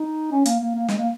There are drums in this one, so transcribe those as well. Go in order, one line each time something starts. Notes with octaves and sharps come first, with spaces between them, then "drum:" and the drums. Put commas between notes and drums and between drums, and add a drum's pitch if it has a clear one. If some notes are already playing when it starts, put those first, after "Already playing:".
Already playing: D#4
C#4
A#3, drum: hi-hat
A#3
A#3
G#3, drum: snare
A#3